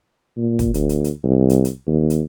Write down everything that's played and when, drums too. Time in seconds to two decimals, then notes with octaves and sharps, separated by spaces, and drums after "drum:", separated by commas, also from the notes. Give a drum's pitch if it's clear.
0.37 A#2
0.59 drum: kick, hi-hat
0.74 D2, drum: hi-hat
0.89 drum: hi-hat
1.04 drum: hi-hat
1.24 C2
1.50 drum: hi-hat
1.65 drum: hi-hat
1.87 D#2
2.10 drum: hi-hat